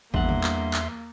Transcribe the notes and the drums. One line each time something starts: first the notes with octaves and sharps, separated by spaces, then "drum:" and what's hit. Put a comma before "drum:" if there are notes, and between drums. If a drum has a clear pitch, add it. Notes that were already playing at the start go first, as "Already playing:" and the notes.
E2 G2 A#3 E5 F#5 C6, drum: kick G#1
drum: tom
drum: clap
drum: clap